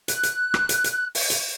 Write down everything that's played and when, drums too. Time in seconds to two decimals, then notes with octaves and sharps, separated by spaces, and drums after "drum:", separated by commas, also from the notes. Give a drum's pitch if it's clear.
0.08 F#6, drum: hi-hat
0.23 drum: hi-hat
0.54 drum: rim click
0.69 drum: hi-hat
0.84 drum: hi-hat
1.15 drum: open hi-hat
1.30 drum: hi-hat